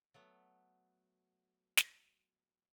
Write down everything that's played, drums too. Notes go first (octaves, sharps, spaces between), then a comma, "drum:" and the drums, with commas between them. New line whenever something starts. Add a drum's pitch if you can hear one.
F#3 A3 B3
drum: snare